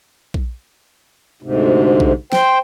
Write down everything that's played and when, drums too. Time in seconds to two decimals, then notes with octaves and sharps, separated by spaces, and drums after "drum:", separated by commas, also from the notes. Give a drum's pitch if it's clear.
0.34 drum: kick A#1
1.42 D2 G#2 C3
2.00 drum: kick A#1
2.32 C5 G5, drum: snare